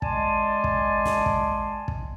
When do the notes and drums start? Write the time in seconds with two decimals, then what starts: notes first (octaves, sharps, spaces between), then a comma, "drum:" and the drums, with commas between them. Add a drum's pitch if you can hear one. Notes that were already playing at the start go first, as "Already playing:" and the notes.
0.02 G#3 D5 G#5 A5 C6, drum: kick
0.64 drum: kick
1.05 drum: snare
1.26 drum: kick
1.88 drum: kick